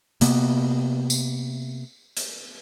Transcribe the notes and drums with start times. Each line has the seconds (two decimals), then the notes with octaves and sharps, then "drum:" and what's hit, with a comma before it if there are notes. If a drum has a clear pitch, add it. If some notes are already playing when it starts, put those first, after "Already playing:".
0.21 C3 A#3 B3, drum: hi-hat
1.10 drum: tambourine
2.17 drum: hi-hat